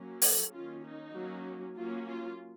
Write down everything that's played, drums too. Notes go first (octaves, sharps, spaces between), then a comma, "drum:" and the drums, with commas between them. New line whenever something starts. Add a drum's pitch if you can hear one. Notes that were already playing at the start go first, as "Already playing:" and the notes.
Already playing: F#3 A#3 C#4
A4, drum: open hi-hat
D#3 A#3 C#4 F4
D#4
F#3 A#3 C#4
F#3 A#3 C#4 F4
F4